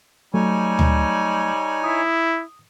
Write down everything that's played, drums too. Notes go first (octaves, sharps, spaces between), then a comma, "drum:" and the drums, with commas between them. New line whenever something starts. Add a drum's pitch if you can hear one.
F#3 G3 A3 D#4 C#5 G#5
drum: tom D2
E4 D#6